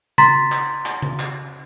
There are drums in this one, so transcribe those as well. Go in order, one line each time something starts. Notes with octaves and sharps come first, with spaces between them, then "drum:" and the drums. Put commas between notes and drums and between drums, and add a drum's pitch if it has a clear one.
A#5 C6 A6 B6, drum: tom C#3
drum: clap
drum: clap
drum: tom C#3
drum: clap